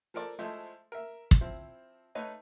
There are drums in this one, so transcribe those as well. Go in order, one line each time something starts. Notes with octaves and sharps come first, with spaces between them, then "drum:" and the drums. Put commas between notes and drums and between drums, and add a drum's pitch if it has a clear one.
F3 A4 A#4 D5
F3 G#3 A3 E4 A4 C5
A#4 E5
drum: kick
F3 C4 E4
A3 D#4 B4 C#5 D#5